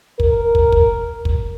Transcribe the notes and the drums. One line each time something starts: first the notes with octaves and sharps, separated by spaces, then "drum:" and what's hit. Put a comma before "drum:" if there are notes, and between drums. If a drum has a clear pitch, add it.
A#4, drum: kick
drum: kick
drum: kick
drum: kick